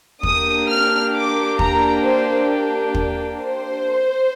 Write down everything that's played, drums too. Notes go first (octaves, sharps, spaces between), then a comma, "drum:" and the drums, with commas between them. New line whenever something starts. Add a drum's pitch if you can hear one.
A#3 D4 G4 D#6, drum: kick
F6
D6
A#5, drum: kick
C5
drum: kick
C5